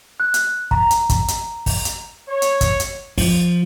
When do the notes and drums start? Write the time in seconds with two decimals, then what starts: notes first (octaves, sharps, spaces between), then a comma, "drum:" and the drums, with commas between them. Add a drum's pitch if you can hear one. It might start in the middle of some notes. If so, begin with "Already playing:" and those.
0.20 F#6
0.34 drum: hi-hat
0.71 A#5, drum: kick
0.91 drum: hi-hat
1.09 drum: kick, hi-hat
1.28 drum: hi-hat
1.66 drum: kick, open hi-hat
1.85 drum: hi-hat
2.29 C#5
2.42 drum: hi-hat
2.61 drum: kick, hi-hat
2.80 drum: hi-hat
3.18 F3, drum: kick, open hi-hat